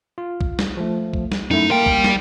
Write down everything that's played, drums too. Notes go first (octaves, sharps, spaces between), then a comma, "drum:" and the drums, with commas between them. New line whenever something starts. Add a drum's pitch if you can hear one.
F4
drum: kick B1
drum: snare
F3 A3
drum: kick B1
drum: snare
F#2 A3 D#4 E4
G3 A#3 A#4 G5 C6
drum: kick B1
drum: snare